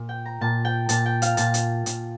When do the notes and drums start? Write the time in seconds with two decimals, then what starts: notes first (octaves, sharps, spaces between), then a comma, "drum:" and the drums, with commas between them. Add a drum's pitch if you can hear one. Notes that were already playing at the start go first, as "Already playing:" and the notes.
Already playing: A#2
0.09 G5
0.25 A#5
0.41 A#2 A5
0.65 G5
0.89 A#2 A5, drum: hi-hat
1.06 G5
1.22 F5, drum: hi-hat
1.37 A#2 A5, drum: hi-hat
1.54 drum: hi-hat
1.86 A#2, drum: hi-hat